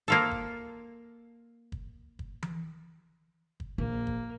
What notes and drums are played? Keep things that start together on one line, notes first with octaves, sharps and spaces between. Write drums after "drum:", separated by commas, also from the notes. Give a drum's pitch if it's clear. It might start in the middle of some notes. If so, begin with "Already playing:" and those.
A#3 F4 A4
drum: kick
drum: kick
drum: kick
drum: tom E3
drum: kick
A#1 A#3
drum: kick